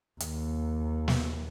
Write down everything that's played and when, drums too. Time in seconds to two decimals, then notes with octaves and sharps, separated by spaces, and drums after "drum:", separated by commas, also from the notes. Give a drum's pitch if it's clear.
0.20 D#2, drum: hi-hat
1.08 drum: snare